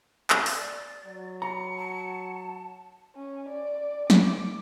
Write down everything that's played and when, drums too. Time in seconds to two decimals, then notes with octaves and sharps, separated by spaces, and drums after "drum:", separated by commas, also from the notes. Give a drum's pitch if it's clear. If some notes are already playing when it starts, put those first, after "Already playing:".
0.30 drum: clap
0.46 drum: open hi-hat
0.56 D5
1.06 F#3
1.42 A#5 B5 C#7
1.76 A5
3.16 C#4
3.49 D5
4.10 D6, drum: snare